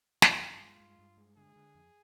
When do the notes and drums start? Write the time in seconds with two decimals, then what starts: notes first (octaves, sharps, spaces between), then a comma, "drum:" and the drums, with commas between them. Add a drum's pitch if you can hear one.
0.22 G2 F4, drum: snare
0.42 G2
0.61 G#3
0.80 G2
0.99 G2
1.17 G#3
1.37 D3 G#4
1.56 D3
1.75 F2